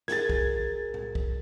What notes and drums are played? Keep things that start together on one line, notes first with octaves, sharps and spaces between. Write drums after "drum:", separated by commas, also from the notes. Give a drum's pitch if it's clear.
F#4 G#4 A#4 G#6 A6, drum: snare
drum: kick
drum: tom A2
drum: kick